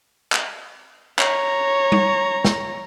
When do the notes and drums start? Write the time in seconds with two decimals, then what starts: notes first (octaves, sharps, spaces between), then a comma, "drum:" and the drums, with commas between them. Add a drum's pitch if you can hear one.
0.32 drum: clap
1.19 C#5 A#5, drum: clap
1.92 drum: tom G3
2.45 drum: snare